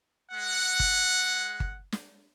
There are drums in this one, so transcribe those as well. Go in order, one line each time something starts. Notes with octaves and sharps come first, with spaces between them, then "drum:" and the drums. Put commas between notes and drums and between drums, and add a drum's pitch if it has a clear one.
G#3 F#5
drum: kick G1
drum: kick G1
drum: snare